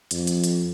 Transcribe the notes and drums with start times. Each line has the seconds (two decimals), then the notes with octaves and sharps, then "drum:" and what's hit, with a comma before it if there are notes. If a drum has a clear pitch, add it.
0.11 F2, drum: hi-hat
0.27 drum: hi-hat
0.44 drum: hi-hat